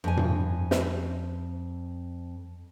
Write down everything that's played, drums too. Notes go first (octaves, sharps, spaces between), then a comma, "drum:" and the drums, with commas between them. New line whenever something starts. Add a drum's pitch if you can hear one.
F2 G#5
drum: tom G2
drum: snare